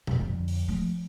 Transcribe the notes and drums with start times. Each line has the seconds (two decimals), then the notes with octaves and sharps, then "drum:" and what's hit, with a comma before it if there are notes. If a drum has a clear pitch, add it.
0.07 F1 F4, drum: tom A#2
0.21 F2 D3
0.48 drum: open hi-hat
0.68 F3 A3